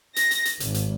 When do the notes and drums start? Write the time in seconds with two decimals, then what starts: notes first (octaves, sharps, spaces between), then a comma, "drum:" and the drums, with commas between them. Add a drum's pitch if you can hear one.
0.16 A#6, drum: hi-hat
0.31 drum: hi-hat
0.45 drum: hi-hat
0.60 G#1, drum: hi-hat
0.74 drum: hi-hat